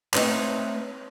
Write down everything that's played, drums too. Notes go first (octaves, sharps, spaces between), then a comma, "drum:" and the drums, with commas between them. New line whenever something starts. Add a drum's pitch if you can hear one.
A3 C4 D#4 B4 C#5, drum: clap